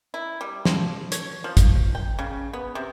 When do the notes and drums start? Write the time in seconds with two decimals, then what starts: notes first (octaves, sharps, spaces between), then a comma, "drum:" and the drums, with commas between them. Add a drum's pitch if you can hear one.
0.14 E4
0.41 G3
0.65 F3, drum: snare
1.12 C#5, drum: hi-hat
1.44 F3
1.57 drum: kick, hi-hat
1.95 G5
2.19 C#3
2.53 B3
2.75 C3